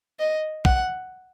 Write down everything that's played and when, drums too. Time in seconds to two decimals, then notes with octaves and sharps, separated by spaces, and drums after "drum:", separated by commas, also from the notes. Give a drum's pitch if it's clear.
0.19 D#5
0.65 F#5, drum: kick